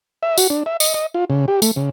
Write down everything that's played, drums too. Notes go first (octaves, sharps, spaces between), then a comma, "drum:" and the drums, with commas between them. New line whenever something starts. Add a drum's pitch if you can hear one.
E5
F#4, drum: tambourine
D4
E5
D#5, drum: tambourine
D#5
F4
C#3
G4
A3, drum: tambourine
C#3